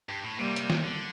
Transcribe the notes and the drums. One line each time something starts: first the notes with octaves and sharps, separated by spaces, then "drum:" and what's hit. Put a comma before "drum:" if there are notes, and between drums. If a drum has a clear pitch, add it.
G2
A2
C3 G3 A#3
drum: hi-hat
drum: snare
D3